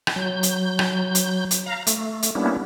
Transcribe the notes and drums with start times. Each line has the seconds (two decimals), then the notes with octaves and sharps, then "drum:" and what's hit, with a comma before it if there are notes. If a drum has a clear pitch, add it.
0.07 drum: rim click
0.16 F#3 G6
0.43 drum: hi-hat
0.79 drum: rim click
1.15 drum: hi-hat
1.51 drum: hi-hat
1.66 F5 A#5
1.87 A3, drum: hi-hat
2.22 drum: hi-hat
2.35 G3 A#3 B3 C#4 D4 E4